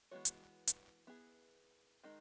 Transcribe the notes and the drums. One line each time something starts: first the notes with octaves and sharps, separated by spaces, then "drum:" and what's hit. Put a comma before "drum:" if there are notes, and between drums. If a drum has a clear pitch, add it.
E3 G#3 B3 F#4 C#5
drum: hi-hat
drum: hi-hat
B3 E4 G#4
D#3 G#3 D#4